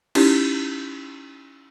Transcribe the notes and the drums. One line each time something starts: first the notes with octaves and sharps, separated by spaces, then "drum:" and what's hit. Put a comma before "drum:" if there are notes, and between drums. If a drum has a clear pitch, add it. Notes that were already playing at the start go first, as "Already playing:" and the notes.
C#4 D#4 E4 G4, drum: cymbal